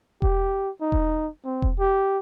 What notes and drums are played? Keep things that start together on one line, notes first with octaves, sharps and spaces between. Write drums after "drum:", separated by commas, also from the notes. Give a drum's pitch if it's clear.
G4, drum: kick E1
D#4
drum: kick E1
C4
drum: kick E1
G4